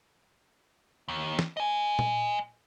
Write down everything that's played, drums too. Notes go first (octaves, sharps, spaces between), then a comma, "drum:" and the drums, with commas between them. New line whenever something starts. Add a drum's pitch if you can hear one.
D#2
drum: snare
D#5 G#5
drum: tom